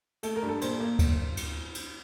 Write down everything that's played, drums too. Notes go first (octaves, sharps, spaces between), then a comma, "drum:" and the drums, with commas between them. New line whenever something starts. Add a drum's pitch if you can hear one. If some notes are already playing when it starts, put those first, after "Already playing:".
A3 A4, drum: cymbal
A#4
G2
A4
A#2 C5, drum: cymbal
A#3
drum: kick D2, cymbal
drum: cymbal
drum: cymbal